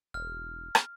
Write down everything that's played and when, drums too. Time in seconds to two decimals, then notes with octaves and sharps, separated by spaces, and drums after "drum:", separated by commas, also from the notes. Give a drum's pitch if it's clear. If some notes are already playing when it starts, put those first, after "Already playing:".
0.14 E1 F6
0.75 drum: rim click